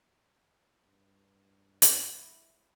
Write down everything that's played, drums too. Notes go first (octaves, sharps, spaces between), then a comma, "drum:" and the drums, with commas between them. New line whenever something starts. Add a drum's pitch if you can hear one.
G2
E4, drum: hi-hat